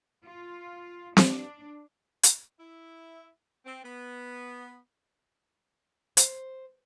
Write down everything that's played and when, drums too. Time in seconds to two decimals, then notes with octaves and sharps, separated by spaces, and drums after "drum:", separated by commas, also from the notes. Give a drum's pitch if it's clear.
0.24 F4
1.17 D4, drum: snare C4
2.23 drum: hi-hat
2.60 E4
3.65 C4
3.84 B3
6.17 C5, drum: hi-hat